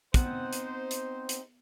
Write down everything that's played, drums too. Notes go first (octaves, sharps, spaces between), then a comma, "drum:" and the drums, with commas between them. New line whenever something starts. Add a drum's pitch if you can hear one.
B3 C4 D#4 C5 F#5, drum: kick, hi-hat
drum: hi-hat
drum: hi-hat
drum: hi-hat